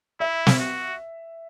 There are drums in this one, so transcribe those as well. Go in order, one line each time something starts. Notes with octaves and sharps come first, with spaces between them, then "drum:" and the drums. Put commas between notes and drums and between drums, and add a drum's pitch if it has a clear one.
E4 E5
drum: snare
F#4